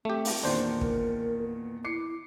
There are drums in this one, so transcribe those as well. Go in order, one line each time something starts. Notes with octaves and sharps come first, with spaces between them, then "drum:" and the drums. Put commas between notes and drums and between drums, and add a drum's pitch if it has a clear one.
A3 C4 G4
drum: open hi-hat
E2 A#2 D#3 D4 C5
A#4, drum: kick
B3
E4 D6 C7 C#7